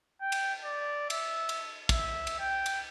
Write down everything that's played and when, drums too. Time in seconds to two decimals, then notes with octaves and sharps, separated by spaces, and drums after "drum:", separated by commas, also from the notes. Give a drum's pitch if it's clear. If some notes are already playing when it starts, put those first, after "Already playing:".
0.21 G5
0.32 drum: cymbal
0.64 D5
1.10 E5, drum: cymbal
1.49 drum: cymbal
1.89 E5, drum: kick, cymbal
2.27 drum: cymbal
2.40 G5
2.66 drum: cymbal